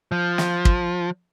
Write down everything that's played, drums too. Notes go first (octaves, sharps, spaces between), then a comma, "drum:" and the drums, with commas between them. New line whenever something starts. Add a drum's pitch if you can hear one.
F3
drum: snare
drum: kick